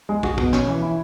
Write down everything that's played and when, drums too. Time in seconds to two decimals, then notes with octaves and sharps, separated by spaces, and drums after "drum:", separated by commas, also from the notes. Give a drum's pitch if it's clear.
0.09 G#3
0.23 F#4, drum: kick
0.38 B2, drum: kick
0.53 C#4, drum: snare
0.67 E3
0.82 E4